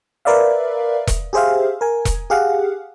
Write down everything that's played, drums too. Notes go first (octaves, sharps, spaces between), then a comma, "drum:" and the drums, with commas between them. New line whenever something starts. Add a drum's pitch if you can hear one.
A#4 B4 D5 E5 F5
drum: kick E1, hi-hat
G4 G#4 C5 E5 F5
A#4 G#5
drum: kick E1, hi-hat
G4 G#4 F5 F#5